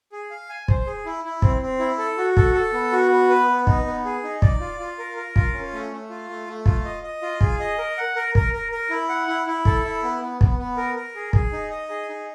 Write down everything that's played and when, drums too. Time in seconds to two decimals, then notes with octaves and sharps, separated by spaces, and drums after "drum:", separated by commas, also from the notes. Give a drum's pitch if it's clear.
0.12 G#4
0.30 F5
0.49 G#5
0.68 C5, drum: kick
0.87 G#4
1.06 E4
1.25 E4
1.42 C4, drum: kick
1.62 C4
1.79 E4
1.98 A4
2.18 F#4
2.37 A4, drum: kick
2.54 A4
2.73 B3
2.92 F#4
3.11 B3
3.30 B4
3.48 B3
3.67 D#4, drum: kick
3.86 B3
4.05 G#4
4.24 D#4
4.42 D5, drum: kick
4.60 F4
4.80 F4
4.99 A#4
5.17 A#4
5.36 F4, drum: kick
5.53 C#4
5.73 A3
5.92 A3
6.10 F4
6.29 A3
6.47 A3
6.66 F4, drum: kick
6.84 D#5
7.03 D#5
7.22 F4
7.41 G#4, drum: kick
7.60 D#5
7.78 A#4
7.98 F#5
8.16 A#4
8.35 A#4, drum: kick
8.54 A#4
8.72 A#4
8.90 E4
9.09 F#5
9.27 E4
9.47 E4
9.65 A4, drum: kick
9.85 E4
10.03 B3
10.22 B3
10.41 B3, drum: kick
10.58 B3
10.77 A#4
10.96 A#4
11.15 G#4
11.33 G#4, drum: kick
11.52 D#4
11.70 D#5
11.90 G#4
12.09 D#4